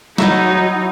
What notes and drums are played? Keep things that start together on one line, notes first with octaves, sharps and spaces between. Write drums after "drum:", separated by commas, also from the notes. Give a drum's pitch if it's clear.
F#3 D#4 E4 F#4 C#5 E5, drum: snare